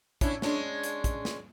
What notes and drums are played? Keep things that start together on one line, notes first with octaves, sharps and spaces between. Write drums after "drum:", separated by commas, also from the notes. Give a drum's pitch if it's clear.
C#4 D4 E4, drum: kick, hi-hat
G#3 C#4 D4, drum: snare
drum: hi-hat
drum: kick, hi-hat
drum: snare